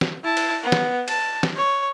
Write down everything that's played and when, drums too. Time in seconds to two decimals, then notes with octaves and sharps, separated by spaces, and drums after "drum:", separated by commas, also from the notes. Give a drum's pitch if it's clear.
0.01 drum: snare
0.23 E4 A5
0.37 drum: cymbal
0.63 B3
0.72 drum: snare
1.08 A5, drum: cymbal
1.43 drum: snare
1.56 C#5